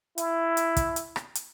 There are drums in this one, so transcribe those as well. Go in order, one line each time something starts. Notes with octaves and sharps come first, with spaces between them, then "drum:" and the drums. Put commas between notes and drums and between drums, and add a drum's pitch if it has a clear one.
E4, drum: hi-hat
drum: hi-hat
drum: kick, hi-hat
drum: hi-hat
drum: rim click
drum: hi-hat